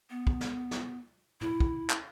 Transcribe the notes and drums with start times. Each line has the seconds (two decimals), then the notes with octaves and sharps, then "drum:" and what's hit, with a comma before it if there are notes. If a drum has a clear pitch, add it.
0.10 B3
0.27 drum: kick
0.41 drum: snare
0.71 drum: snare
1.41 E4, drum: tom
1.60 drum: kick
1.90 drum: clap